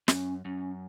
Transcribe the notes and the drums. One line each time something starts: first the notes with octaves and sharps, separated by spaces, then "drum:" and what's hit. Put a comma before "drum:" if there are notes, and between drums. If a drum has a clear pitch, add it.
F#2 C#4, drum: snare
F#2 C#4